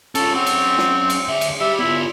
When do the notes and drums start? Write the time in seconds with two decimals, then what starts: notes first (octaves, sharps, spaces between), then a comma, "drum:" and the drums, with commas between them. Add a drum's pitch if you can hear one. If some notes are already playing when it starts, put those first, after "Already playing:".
0.15 C#4 F4 A4, drum: cymbal
0.35 C4 C#4 F#5
0.46 drum: cymbal
0.78 drum: snare
1.10 drum: cymbal
1.28 D2 E5
1.41 drum: cymbal
1.60 G4 D5 E5
1.79 B3 E4 F4